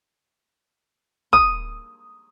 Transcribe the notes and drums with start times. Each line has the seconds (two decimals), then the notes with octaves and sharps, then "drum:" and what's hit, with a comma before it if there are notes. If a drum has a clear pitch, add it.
1.33 D#6, drum: kick